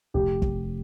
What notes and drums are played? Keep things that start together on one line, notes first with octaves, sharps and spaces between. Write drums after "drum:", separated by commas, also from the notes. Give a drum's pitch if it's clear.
F1 G4
drum: kick